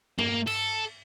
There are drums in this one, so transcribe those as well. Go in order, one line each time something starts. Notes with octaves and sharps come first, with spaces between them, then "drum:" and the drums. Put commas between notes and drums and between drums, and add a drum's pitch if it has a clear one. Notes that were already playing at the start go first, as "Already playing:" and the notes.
A#3, drum: tom G2
A4, drum: cymbal